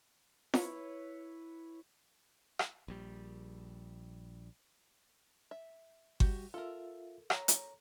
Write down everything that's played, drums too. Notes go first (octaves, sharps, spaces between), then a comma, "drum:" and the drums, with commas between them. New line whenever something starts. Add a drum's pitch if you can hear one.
E4 B4 C#5, drum: snare
drum: rim click
A#1 G3
E5
G3 F#4 G4, drum: kick G1
F4 A4 A#4 E5
C#5 A#5, drum: rim click
drum: hi-hat